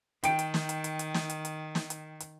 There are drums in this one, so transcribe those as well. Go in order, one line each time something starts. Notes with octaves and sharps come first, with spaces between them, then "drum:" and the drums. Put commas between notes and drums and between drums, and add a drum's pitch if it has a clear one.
D#3 G5 D7, drum: hi-hat
drum: hi-hat
drum: snare
drum: hi-hat
drum: hi-hat
drum: hi-hat
drum: snare
drum: hi-hat
drum: hi-hat
drum: snare
drum: hi-hat
drum: hi-hat